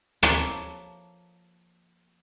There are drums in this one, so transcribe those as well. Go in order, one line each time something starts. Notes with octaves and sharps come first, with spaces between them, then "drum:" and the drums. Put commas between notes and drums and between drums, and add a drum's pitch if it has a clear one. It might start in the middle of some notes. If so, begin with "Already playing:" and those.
F3 A#3 A4 C#5 E5, drum: rim click